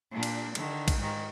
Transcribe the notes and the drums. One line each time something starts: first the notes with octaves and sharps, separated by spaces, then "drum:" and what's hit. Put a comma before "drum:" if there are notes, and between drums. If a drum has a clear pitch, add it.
A#2 D4
drum: cymbal
D3 D#3, drum: cymbal
drum: kick A#1, cymbal
G#2 D#3